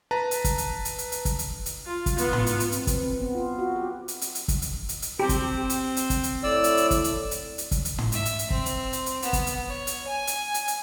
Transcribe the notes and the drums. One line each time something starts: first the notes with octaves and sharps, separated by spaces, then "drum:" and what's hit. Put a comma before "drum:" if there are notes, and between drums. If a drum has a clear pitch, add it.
B4 A5 A#5
drum: hi-hat
drum: kick, hi-hat
drum: hi-hat
drum: hi-hat
drum: hi-hat
drum: hi-hat
drum: kick, hi-hat
drum: hi-hat
drum: hi-hat
F4
drum: kick, hi-hat
B3 F4, drum: hi-hat
drum: tom
drum: hi-hat
drum: hi-hat
C4, drum: hi-hat
B4, drum: kick, hi-hat
C4
B3
F4
F#4
G4
drum: hi-hat
drum: hi-hat
drum: hi-hat
drum: kick, hi-hat
drum: hi-hat
drum: hi-hat
drum: hi-hat
C4 G4
drum: kick, hi-hat
drum: hi-hat
drum: hi-hat
drum: kick, hi-hat
drum: hi-hat
A2 D5 E6
drum: hi-hat
drum: hi-hat
drum: kick, hi-hat
drum: hi-hat
drum: hi-hat
drum: hi-hat
drum: kick, hi-hat
drum: hi-hat
drum: tom
E5, drum: hi-hat
drum: hi-hat
drum: hi-hat
C4, drum: kick
drum: hi-hat
drum: hi-hat
drum: hi-hat
B3, drum: hi-hat
drum: kick, hi-hat
drum: hi-hat
C#5
drum: hi-hat
G#5
drum: hi-hat
drum: hi-hat
drum: hi-hat